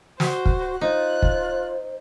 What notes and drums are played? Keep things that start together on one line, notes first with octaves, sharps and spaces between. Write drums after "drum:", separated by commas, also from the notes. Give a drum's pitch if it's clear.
F#4 C5, drum: snare
drum: kick
D#4 F4 C5 F#6
drum: kick